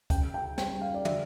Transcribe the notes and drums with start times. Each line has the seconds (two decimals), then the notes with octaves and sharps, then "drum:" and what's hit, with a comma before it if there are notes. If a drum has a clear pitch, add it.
0.10 C#3 G5, drum: kick C#2, hi-hat
0.34 G5
0.58 G3 G5, drum: snare
0.81 F5
0.94 D5
1.05 D3 E5, drum: tom